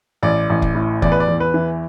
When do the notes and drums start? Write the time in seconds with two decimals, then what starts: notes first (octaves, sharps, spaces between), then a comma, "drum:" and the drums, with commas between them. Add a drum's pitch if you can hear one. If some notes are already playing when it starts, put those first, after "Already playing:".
0.23 A1 D5
0.50 A1
0.62 drum: kick F1
0.75 A2
1.02 E2 D5, drum: kick F1
1.12 B4
1.20 D5
1.28 E2
1.40 B4
1.54 E3